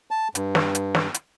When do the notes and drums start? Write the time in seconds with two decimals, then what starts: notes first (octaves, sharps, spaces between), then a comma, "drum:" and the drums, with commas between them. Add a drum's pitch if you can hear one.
0.11 A5
0.35 G2, drum: hi-hat
0.55 drum: snare
0.75 drum: hi-hat
0.95 drum: snare
1.14 drum: hi-hat